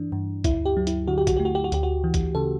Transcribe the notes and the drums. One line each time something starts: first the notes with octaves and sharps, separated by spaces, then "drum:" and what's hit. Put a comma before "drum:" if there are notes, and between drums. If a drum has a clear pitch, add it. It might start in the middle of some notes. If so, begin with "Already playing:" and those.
Already playing: G2 E3 D4
G2
D2 E4, drum: kick, hi-hat
G4
F#3
E4, drum: hi-hat
D3 F#4
G4
F#4, drum: kick, hi-hat
A3 G4
F#4
G4
F#4
D2 G4, drum: hi-hat
F#4
E3
drum: kick, hi-hat
C#3 A4